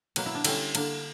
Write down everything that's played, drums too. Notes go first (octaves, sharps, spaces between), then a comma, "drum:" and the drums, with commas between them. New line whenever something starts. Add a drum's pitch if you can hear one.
B2 F#3 A#3 B4, drum: cymbal
E4
D4
D3 G3 C#4 E4, drum: cymbal
D3 A#3 D4, drum: cymbal